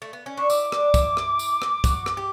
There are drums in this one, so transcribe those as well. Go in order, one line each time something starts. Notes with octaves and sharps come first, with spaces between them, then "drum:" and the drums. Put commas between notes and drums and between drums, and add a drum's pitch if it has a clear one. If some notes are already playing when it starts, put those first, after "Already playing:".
A3
B3
C#4
D4 C#6
E4 D6, drum: tambourine
D4, drum: rim click
E4, drum: kick C2, tambourine
drum: rim click
drum: tambourine
drum: rim click
F#4, drum: kick C2, tambourine
drum: rim click
G4